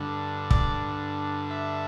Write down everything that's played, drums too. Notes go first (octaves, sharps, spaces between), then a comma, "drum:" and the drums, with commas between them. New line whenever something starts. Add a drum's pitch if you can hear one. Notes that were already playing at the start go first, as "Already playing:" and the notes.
Already playing: G2 D3
D5, drum: kick
E5